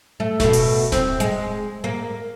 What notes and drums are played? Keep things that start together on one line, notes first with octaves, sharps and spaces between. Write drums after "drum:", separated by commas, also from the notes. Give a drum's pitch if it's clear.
A3
B2 A3, drum: snare D#1
drum: open hi-hat
C4, drum: snare D#1
G#3, drum: hi-hat
A#3